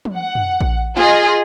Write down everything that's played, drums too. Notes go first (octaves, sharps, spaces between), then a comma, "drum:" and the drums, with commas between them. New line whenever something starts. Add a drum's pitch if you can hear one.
drum: tom
F#5
drum: tom
drum: kick A#1
F4 G#4 D#5, drum: snare